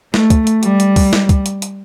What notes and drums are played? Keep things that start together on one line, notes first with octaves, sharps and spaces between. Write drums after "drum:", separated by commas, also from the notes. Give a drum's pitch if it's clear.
A3, drum: snare
drum: kick, hi-hat
drum: hi-hat
G3, drum: hi-hat
drum: hi-hat
drum: kick, open hi-hat
drum: snare
drum: kick, hi-hat
drum: hi-hat
drum: hi-hat